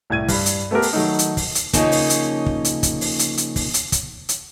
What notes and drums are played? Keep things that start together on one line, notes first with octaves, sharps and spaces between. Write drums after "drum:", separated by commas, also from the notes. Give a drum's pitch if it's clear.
C2 A2 G#6 D#7
G2 B5, drum: kick, open hi-hat
drum: hi-hat
A3 B3 G4 A#4
drum: open hi-hat
D#3 F#3 A3 D#4
drum: hi-hat
drum: kick, open hi-hat
drum: hi-hat
C#3 F3 A#3 C#4 D#4, drum: kick, hi-hat
drum: open hi-hat
drum: hi-hat
drum: kick
drum: hi-hat
drum: kick, hi-hat
drum: open hi-hat
drum: hi-hat
drum: hi-hat
drum: kick, open hi-hat
drum: hi-hat
drum: kick, hi-hat
drum: hi-hat